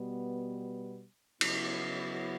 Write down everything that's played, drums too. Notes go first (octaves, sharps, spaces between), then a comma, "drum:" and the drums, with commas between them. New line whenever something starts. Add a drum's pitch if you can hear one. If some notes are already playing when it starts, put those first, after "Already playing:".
Already playing: B2 G3 B3
C#3 F#3 B3 E4, drum: cymbal